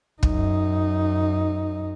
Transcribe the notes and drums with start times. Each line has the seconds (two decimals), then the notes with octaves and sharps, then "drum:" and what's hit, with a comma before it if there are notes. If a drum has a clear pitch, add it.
0.23 F#2 D#4, drum: kick